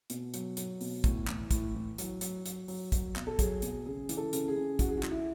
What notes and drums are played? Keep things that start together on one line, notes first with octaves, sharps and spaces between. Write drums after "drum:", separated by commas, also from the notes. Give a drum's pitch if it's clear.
B2, drum: hi-hat
F#3, drum: hi-hat
F#3, drum: hi-hat
B2, drum: open hi-hat
A2, drum: kick, hi-hat
E3, drum: clap
A2, drum: kick, hi-hat
E3
F#3, drum: hi-hat
F#3, drum: hi-hat
F#3, drum: hi-hat
F#3, drum: open hi-hat
F#3, drum: kick, hi-hat
B2, drum: clap
A4
F#3 G#4, drum: kick, hi-hat
B2, drum: hi-hat
C#3 G#4
E3, drum: hi-hat
A4
C#3, drum: hi-hat
G#4
C#3
E3 F#4, drum: kick, hi-hat
G#4
F#4
E3, drum: clap
E4